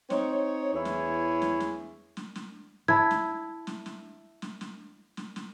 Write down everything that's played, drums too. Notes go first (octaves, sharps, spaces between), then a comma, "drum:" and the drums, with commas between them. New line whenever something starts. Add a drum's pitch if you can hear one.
C4 D#4 C#5, drum: snare
E2 E4 G#4 C#5
drum: snare
drum: snare
drum: snare
drum: snare
drum: snare
E4 A5 G#6
drum: snare
drum: snare
drum: snare
drum: snare
drum: snare
drum: snare
drum: snare